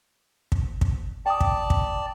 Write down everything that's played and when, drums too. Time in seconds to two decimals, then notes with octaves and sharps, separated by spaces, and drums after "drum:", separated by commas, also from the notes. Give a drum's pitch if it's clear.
0.52 drum: kick
0.81 drum: kick
1.26 D5 G5 A5 D6 D#6
1.41 drum: kick
1.70 drum: kick